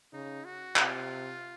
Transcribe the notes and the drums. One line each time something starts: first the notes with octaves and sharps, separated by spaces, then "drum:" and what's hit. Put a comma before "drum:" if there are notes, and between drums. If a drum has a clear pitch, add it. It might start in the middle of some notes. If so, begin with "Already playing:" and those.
C#3 D#4
F#4
C3 F4, drum: clap